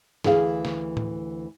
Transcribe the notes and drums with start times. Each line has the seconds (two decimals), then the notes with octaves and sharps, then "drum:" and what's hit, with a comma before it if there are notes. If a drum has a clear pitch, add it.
0.24 D2 E3 G#4 F5, drum: snare
0.65 drum: snare
0.97 drum: tom A2